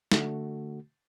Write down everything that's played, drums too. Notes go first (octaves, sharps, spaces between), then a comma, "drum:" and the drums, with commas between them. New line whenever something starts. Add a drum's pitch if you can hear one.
D3 A3 F#4, drum: snare